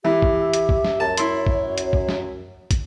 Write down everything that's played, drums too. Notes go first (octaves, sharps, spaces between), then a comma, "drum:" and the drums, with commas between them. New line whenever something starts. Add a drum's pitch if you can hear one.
E3 G4 E5
drum: kick
drum: hi-hat
drum: kick
drum: snare
F#2 A5
E4 C#5 C6, drum: hi-hat
drum: kick
drum: hi-hat
drum: kick
drum: snare
drum: kick, hi-hat